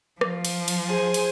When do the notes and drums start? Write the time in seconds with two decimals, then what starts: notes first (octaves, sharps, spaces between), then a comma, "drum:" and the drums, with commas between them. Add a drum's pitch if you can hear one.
0.21 F3, drum: rim click
0.45 drum: cymbal
0.68 drum: cymbal
0.86 G#4 C5 G#5
1.14 drum: cymbal